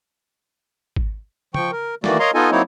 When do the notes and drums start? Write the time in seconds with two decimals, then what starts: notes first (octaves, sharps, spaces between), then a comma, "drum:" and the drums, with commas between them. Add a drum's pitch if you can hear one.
0.96 drum: kick G#1
1.54 F3 G5 C#6, drum: tom
1.72 A#4
2.04 D#3 E3 A3 A#3 F#4 D5, drum: snare
2.20 A#4 C#5 D#5 F5 A#5 C6
2.34 B3 D#4 F4 A4 D#5 G#5
2.51 F#3 A#3 C4 D#4 E4 C#5